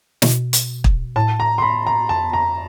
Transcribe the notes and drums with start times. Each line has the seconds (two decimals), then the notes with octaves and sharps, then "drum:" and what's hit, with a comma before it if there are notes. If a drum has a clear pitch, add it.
0.22 B2, drum: snare
0.53 drum: hi-hat
0.84 drum: kick
1.16 A2 A5
1.40 A#5
1.58 C6
1.62 B5
1.87 A#5
2.09 F2 A5
2.33 A#5